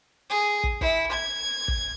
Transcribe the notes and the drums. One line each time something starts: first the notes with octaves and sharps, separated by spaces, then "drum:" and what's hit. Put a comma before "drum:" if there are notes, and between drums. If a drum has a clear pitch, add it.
G#4
drum: kick
E4, drum: kick
G#6
drum: kick